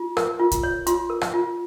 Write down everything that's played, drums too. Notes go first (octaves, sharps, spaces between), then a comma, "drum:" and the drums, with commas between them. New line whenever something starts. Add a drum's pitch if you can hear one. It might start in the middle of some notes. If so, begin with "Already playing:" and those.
Already playing: F4
A#4, drum: rim click
F4
drum: kick, hi-hat
C#5
F4 C6, drum: hi-hat
A#4
drum: rim click
F4